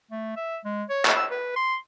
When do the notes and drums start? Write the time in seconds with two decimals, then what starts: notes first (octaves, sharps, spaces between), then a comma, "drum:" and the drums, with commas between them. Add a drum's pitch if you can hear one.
0.11 A3
0.37 E5
0.65 G#3
0.89 C#5
1.05 C#6, drum: clap
1.17 E6
1.31 B4
1.56 C6